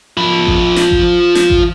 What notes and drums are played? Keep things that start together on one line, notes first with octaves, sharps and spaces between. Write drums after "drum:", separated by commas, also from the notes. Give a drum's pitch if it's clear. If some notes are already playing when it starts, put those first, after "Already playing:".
F3 B5
drum: kick G#1
drum: snare
drum: kick G#1
drum: snare
drum: kick G#1